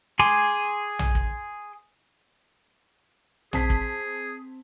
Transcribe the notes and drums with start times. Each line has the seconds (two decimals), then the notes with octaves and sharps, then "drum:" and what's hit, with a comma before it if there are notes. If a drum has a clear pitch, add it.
0.19 G#4 G#5 C6 D6
0.99 drum: tom A#1
1.15 drum: kick
3.53 C4 G#4 A5 B6, drum: tom A#1
3.70 drum: kick